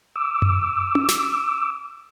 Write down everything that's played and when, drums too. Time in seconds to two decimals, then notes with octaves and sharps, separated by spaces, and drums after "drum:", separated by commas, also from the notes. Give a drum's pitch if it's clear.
0.16 D6 E6
0.42 drum: tom F#2
0.95 drum: tom C#4
1.08 drum: snare